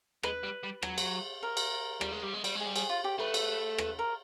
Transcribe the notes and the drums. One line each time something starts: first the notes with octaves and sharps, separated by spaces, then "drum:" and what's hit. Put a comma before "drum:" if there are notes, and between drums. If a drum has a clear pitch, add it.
G#3 B4, drum: rim click
G3
G3
F#3, drum: rim click
drum: cymbal
A#4
drum: cymbal
G3, drum: rim click
G#3
G3
G#3
G3, drum: cymbal
G#3 G#4
G3
G#4, drum: cymbal
F4
G4
A3 B4
drum: cymbal
B4, drum: rim click
A#4